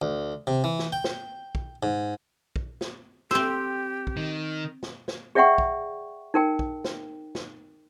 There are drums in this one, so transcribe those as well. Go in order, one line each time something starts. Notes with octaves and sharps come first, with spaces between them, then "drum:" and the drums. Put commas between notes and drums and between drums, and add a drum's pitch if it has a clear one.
D2
C3
E3
drum: snare
G5
drum: snare
drum: kick
G#2
drum: kick
drum: snare
C4 G4 C5 E6, drum: snare
drum: kick
D#3
drum: snare
drum: snare
G#4 D5 E5 F#5 G5 C#6
drum: kick
D#4 A#4 G5
drum: kick
drum: snare
drum: snare